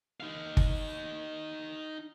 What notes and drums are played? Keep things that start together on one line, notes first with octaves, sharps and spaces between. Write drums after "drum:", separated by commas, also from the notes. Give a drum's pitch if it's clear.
D#4 F5
drum: kick G1